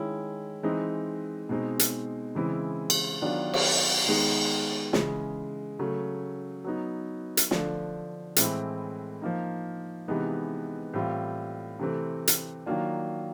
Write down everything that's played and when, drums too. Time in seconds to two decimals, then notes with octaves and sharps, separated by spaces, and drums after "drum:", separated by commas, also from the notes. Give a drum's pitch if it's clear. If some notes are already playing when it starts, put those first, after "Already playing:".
Already playing: D#3 G#3 C#4 E4
0.63 E3 G#3 C4 D#4
1.49 B2 G#3 C4 D#4
1.79 drum: hi-hat
2.35 C#3 E3 G#3 C4 E4
2.90 drum: cymbal
3.22 D#3 F#3 B3 D4 F4
3.54 drum: cymbal
4.07 D#3 G#3 B3 D#4
4.93 C#3 E3 G#3, drum: snare
5.79 C#3 F#3 A3
6.64 F#3 B3 D#4
7.37 drum: hi-hat
7.51 D3 F3 A3 D4, drum: snare
8.36 A2 E3 G#3 C4 E4, drum: hi-hat
9.22 F3 A#3 D#4
10.08 C3 E3 G#3 B3 D#4
10.93 A2 E3 G3 C4 F4
11.80 C3 E3 A3 C4
12.27 drum: hi-hat
12.66 D#3 F#3 A#3 D4 F4